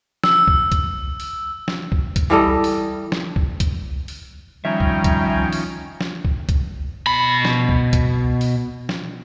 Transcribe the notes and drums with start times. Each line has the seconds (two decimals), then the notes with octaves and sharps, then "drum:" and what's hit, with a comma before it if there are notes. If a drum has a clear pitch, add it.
0.24 E6, drum: snare
0.48 drum: kick C2
0.72 drum: kick C2, hi-hat
1.20 drum: open hi-hat
1.68 drum: snare
1.92 drum: kick C2
2.16 drum: kick C2, hi-hat
2.30 E3 G3 A4 D#5
2.64 drum: open hi-hat
3.12 drum: snare
3.36 drum: kick C2
3.60 drum: kick C2, hi-hat
4.08 drum: open hi-hat
4.65 D#3 F3 G3 C#4 E5 G5 G#5 A#5
4.80 drum: kick C2
5.04 drum: kick C2, hi-hat
5.52 drum: open hi-hat
6.01 drum: snare
6.25 drum: kick C2
6.49 drum: kick C2, hi-hat
7.07 B2 B5
7.45 drum: snare
7.69 drum: kick C2
7.93 drum: kick C2, hi-hat
8.41 drum: open hi-hat
8.89 drum: snare